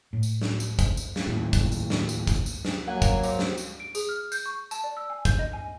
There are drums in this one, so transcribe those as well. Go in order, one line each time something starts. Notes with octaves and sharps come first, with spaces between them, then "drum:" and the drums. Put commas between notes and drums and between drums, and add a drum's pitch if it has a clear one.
A2
drum: tambourine
drum: snare
drum: tambourine
drum: kick, tambourine
drum: tambourine
drum: snare
D#2 A2
drum: kick, tambourine
drum: tambourine
drum: snare
drum: tambourine
drum: kick, tambourine
drum: tambourine
drum: snare
F#3 A#3 F#5 G#5
drum: kick, tambourine
C4 C#5 A#5 D6, drum: tambourine
drum: snare
drum: tambourine
D7
G#4, drum: tambourine
F6
G6, drum: tambourine
C#6
A5, drum: tambourine
D5
E6
G#5
G6, drum: kick, tambourine
D#5
G#5